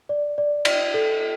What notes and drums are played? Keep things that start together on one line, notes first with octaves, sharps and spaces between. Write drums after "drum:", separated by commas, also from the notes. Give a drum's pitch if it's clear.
D5
D5
D5, drum: cymbal
A4